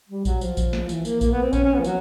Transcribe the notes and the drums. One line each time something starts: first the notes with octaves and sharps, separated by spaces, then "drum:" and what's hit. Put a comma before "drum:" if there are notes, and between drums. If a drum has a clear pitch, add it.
G3
F#3, drum: kick A#1, tambourine
F3, drum: tambourine
drum: kick A#1, tambourine
drum: snare
E3, drum: tambourine
A#3, drum: tambourine
A#3, drum: kick A#1, tambourine
B3
C4
C#4, drum: kick A#1, tambourine
C#4
B3
F3
F#3, drum: tambourine